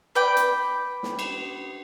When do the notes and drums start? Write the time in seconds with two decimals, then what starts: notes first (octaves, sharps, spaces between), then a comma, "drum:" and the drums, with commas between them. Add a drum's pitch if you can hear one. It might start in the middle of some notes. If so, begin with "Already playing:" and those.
0.15 B4 D5 G5
0.37 drum: hi-hat
1.03 drum: snare
1.19 drum: cymbal